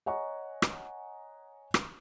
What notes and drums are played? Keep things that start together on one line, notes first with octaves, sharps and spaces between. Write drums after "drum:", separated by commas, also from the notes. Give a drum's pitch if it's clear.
C#5 D#5 F#5 G#5 A#5 C#6
drum: rim click
drum: rim click